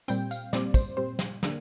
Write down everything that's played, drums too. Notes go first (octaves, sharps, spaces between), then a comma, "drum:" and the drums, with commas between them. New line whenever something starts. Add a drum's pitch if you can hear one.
A#2 G3 C4 G5, drum: tambourine
F5, drum: tambourine
A#2 G3 C4 D5, drum: snare
C5, drum: kick, tambourine
A#2 G3 C4 C5
drum: snare
D3 A#3 D4, drum: snare